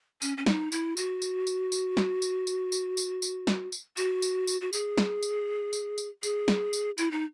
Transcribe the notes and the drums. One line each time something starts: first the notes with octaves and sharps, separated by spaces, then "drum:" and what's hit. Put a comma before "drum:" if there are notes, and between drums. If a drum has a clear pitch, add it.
C#4, drum: tambourine
C#4
D#4, drum: snare
E4, drum: tambourine
F#4, drum: tambourine
drum: tambourine
drum: tambourine
drum: tambourine
drum: snare
drum: tambourine
drum: tambourine
drum: tambourine
drum: tambourine
drum: tambourine
drum: snare
drum: tambourine
F#4, drum: tambourine
drum: tambourine
drum: tambourine
F#4
G#4, drum: tambourine
drum: snare
drum: tambourine
drum: tambourine
drum: tambourine
G#4, drum: tambourine
drum: snare
drum: tambourine
E4, drum: tambourine
D#4